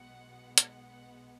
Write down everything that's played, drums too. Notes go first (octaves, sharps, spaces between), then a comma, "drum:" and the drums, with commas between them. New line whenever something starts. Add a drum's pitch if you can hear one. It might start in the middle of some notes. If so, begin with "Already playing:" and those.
Already playing: B1 B2 G#3 B3 F#5
F#5, drum: hi-hat